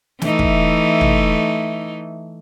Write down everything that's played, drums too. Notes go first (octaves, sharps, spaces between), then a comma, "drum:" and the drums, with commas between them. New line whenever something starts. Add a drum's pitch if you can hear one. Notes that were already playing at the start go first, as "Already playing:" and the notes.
E3 A3 D#4, drum: snare
drum: kick
drum: tom